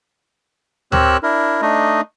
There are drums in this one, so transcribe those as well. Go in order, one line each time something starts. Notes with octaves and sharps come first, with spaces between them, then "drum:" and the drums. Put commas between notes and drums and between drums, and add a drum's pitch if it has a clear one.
C4 G4 A#4 C#5 E6 F#6, drum: tom D2
D4 E4 A#4
A3 D4 D#4 D#5